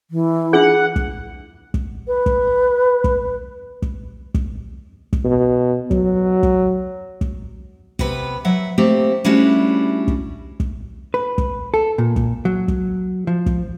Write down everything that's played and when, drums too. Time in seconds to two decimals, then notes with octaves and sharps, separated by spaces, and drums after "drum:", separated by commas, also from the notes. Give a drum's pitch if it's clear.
0.11 E3
0.53 D4 F4 G#4 F#5
0.96 drum: kick
1.74 drum: kick
2.08 B4
2.26 drum: kick
3.04 drum: kick
3.82 drum: kick
4.34 drum: kick
5.13 drum: kick
5.25 B2
5.91 F#3, drum: kick
6.43 drum: kick
7.21 drum: kick
7.99 C3 B3 B4, drum: kick
8.45 F#3 E5 F#5
8.78 A3 A#3 C4 G4
9.25 G3 A3 C#4 D4 E4 F#4
10.08 drum: kick
10.60 drum: kick
11.14 B4
11.38 drum: kick
11.74 A4
11.98 A#2
12.16 drum: kick
12.45 F#3
12.68 drum: kick
13.27 F3
13.46 drum: kick